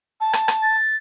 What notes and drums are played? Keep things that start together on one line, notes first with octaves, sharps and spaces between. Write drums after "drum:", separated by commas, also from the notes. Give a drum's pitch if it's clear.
A5
drum: rim click
drum: rim click
A6